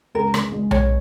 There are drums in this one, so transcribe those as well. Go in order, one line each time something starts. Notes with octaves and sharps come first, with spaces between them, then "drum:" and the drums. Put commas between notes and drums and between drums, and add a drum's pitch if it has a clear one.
C#2 A#4
G#3, drum: rim click
G#3
G#3 C#5, drum: tom B1